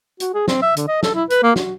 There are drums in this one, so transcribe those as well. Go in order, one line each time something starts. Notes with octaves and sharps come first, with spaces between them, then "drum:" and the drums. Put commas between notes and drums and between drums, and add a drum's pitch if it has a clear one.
F#4, drum: hi-hat
G#4
C4, drum: snare
E5
D3, drum: hi-hat
D#5
A4, drum: snare
E4
B4, drum: hi-hat
A#3
F#4, drum: snare